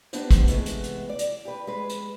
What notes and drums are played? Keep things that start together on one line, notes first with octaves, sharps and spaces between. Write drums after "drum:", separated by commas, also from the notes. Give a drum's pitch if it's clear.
B3 D4 D#4 G4 B4 C5, drum: hi-hat
drum: kick, hi-hat
C3 E3 G#3 A3 B3, drum: hi-hat
drum: hi-hat
drum: hi-hat
D5
drum: hi-hat
G4 B4
G#3 B4
drum: hi-hat